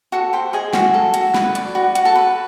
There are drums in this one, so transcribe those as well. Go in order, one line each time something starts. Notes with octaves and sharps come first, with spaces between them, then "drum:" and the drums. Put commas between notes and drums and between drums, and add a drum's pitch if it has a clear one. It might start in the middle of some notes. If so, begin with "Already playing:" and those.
F#4 A4 F#5
G4 C5 G5
G#4 D#5 G#5
F#4, drum: snare
A4
F#4, drum: hi-hat
B4, drum: snare
D5, drum: hi-hat
F#4
F#4, drum: hi-hat
A4 A5
B4